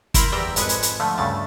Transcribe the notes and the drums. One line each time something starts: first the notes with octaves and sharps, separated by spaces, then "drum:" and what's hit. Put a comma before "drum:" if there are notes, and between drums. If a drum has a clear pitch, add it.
E4 A#4 C5 B5, drum: kick, hi-hat
E2 G3 E5 G5 A#5
G#1 F2 G#3 B4 G#6 C#7, drum: hi-hat
drum: hi-hat
drum: hi-hat
D3 F3 A3
D2 G2 C#3 A3 A6